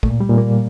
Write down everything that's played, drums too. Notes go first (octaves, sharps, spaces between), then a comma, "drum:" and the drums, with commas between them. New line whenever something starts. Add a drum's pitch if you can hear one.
A#2 A3, drum: kick
G3
A#2
A#3